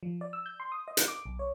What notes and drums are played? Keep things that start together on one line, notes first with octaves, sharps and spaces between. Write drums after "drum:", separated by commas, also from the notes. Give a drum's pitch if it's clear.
F3
D5
E6
G6
C6
D#6
D#5
drum: hi-hat
D6
B1
C#5